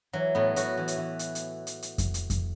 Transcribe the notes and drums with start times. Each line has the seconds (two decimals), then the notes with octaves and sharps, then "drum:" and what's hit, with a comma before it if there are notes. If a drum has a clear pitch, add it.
0.13 E3 F#3
0.35 A2 B3
0.56 A2 F#4, drum: hi-hat
0.77 E3
0.88 drum: hi-hat
0.98 E3
1.19 drum: hi-hat
1.35 drum: hi-hat
1.67 drum: hi-hat
1.82 drum: hi-hat
1.98 drum: kick F2, hi-hat
2.14 drum: hi-hat
2.30 drum: kick F2, hi-hat